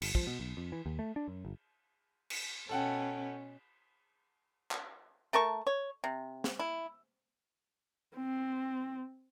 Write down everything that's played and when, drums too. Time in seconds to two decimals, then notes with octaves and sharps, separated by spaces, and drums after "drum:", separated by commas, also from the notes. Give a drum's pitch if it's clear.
0.02 G1, drum: cymbal
0.15 F3, drum: kick
0.27 B2
0.40 B1
0.57 F2
0.72 E3
0.86 D#2
0.99 A3
1.16 D4
1.28 F#2
1.45 G1
2.30 drum: cymbal
2.69 B2 C#4 A4 F#5 G5
4.71 drum: clap
5.33 A3 A#4 A5 C#6
5.67 C#5
6.04 C3
6.44 drum: snare
6.59 E4
8.16 C4